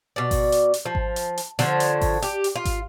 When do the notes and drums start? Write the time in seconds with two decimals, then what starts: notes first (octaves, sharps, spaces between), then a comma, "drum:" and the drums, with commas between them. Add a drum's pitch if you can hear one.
0.16 B2 D5
0.31 drum: kick G#1, open hi-hat
0.52 drum: hi-hat
0.74 drum: hi-hat
0.86 F3
0.95 drum: kick G#1
1.16 drum: hi-hat
1.37 drum: hi-hat
1.59 D3 F3 C5 C#5, drum: hi-hat
1.80 drum: hi-hat
2.01 drum: kick G#1, open hi-hat
2.22 G4, drum: hi-hat
2.44 drum: hi-hat
2.55 F4
2.65 drum: kick G#1, hi-hat